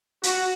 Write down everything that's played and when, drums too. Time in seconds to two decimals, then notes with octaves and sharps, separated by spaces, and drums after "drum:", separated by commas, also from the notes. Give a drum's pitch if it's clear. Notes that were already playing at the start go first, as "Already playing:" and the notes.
0.23 F#4, drum: hi-hat